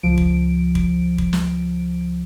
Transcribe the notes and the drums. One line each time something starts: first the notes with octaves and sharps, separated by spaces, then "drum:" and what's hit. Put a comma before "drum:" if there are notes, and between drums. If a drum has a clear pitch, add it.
C#2 F3 D7
drum: kick
drum: kick
drum: kick
drum: snare